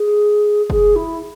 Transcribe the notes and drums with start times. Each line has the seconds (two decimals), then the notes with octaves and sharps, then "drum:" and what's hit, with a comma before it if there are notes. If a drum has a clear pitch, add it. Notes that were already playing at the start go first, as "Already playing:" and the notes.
Already playing: G#4
0.70 G#4, drum: kick
0.95 E4